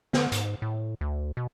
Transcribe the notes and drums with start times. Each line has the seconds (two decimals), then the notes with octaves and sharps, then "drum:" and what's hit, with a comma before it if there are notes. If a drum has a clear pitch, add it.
0.13 D3, drum: snare
0.32 G#2, drum: hi-hat
0.62 A2
1.01 D2
1.37 B2